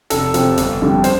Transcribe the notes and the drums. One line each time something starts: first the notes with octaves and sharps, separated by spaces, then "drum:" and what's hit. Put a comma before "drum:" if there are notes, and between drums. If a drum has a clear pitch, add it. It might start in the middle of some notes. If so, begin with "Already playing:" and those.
F1 A4, drum: hi-hat
F2 C3 F3, drum: hi-hat
G1, drum: hi-hat
F2 D3 G3
C5, drum: hi-hat